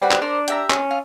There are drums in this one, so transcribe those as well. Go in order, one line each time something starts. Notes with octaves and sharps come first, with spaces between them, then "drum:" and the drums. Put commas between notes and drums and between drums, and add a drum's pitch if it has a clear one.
G3 F#4 B4 C5
drum: clap
D4 A#4 C5 D5
G4 E5 A#5, drum: hi-hat
C#4, drum: clap
F4